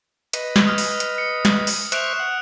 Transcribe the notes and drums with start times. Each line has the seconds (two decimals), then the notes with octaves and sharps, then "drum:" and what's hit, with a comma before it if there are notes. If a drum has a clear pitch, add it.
0.33 B4 D#5, drum: hi-hat
0.56 drum: snare
0.67 D#6 F6
0.78 drum: open hi-hat
1.00 drum: hi-hat
1.18 C#7
1.45 drum: snare
1.67 drum: open hi-hat
1.92 C5 E5 C#6 F#6 D7 F7, drum: hi-hat
2.19 F#5